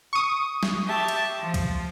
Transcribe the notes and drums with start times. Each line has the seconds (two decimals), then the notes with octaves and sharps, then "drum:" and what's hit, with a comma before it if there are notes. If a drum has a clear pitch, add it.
0.13 C#6 D#6
0.63 drum: snare
0.86 G4 E5 A5
1.08 drum: cymbal
1.39 F3
1.54 drum: kick C2, cymbal